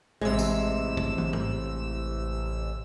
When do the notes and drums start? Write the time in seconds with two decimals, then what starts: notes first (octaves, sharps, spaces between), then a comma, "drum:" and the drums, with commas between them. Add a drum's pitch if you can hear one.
0.21 A1 C3 G#3 E6
0.39 drum: tambourine
0.97 drum: kick
1.18 drum: tom
1.33 drum: tom G#2